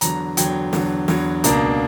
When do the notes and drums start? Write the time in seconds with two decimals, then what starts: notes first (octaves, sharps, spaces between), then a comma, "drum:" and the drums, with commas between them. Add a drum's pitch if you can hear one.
0.01 E2 D3 F#3 A#5, drum: hi-hat
0.37 E2 D3 F#3 G5, drum: hi-hat
0.73 E2 D3 F#3, drum: snare
1.08 E2 D3 F#3, drum: snare
1.44 C#2 B2 A#3 D4 A#5, drum: hi-hat